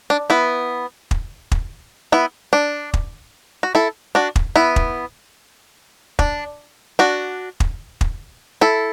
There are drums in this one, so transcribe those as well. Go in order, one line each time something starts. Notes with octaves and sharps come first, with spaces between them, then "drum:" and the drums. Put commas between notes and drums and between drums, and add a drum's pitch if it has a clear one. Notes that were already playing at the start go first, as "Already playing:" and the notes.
D4
B3 E4
drum: kick
drum: kick
B3 E4
D4
drum: kick
F#4
E4 A4
D4 F#4
drum: kick
B3 E4
drum: kick
D4, drum: kick
D4 F#4
drum: kick
drum: kick
E4 A4